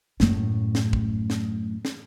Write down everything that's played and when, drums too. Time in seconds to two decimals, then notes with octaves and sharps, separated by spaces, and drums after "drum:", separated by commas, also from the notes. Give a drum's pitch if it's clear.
0.20 F#2 A2, drum: snare
0.75 drum: snare
0.93 drum: kick
1.30 drum: snare
1.85 drum: snare